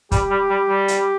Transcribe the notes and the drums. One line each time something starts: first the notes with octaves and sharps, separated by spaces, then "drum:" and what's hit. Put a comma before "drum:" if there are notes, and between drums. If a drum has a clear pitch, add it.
G3 G4, drum: kick, hi-hat
G3
G3
G3
drum: hi-hat